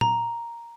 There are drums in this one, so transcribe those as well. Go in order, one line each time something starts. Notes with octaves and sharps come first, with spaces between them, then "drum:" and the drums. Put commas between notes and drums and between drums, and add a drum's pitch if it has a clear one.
A#5, drum: tom A#2